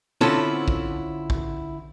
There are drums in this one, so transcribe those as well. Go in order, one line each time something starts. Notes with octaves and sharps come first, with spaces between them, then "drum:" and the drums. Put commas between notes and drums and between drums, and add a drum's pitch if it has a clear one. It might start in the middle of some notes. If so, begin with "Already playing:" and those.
D3 C4 C#4 E4 F4 A4
drum: kick
drum: kick